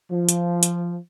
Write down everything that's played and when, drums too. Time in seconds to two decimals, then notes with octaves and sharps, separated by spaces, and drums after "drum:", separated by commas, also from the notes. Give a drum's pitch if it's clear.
0.11 F3
0.29 drum: hi-hat
0.63 drum: hi-hat